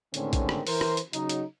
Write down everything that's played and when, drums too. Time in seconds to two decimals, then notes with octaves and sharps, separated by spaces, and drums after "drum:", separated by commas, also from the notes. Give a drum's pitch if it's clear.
0.14 A2 D3 D#3 G#3 C4 C#4, drum: hi-hat
0.33 drum: kick, hi-hat
0.49 drum: rim click
0.67 E3 A#4 C5, drum: open hi-hat
0.81 drum: rim click
0.97 drum: hi-hat
1.13 C#3 F#3 D#4, drum: hi-hat
1.29 drum: hi-hat